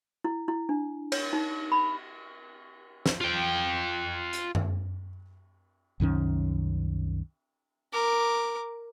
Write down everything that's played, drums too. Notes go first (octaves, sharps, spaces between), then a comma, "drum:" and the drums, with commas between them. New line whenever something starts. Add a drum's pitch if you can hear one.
E4
E4
D4
C#5, drum: cymbal
D#4
B5
drum: snare
F4 G5
drum: hi-hat
drum: tom F#2
C2 F#2 D#3 C#4
A#4 D6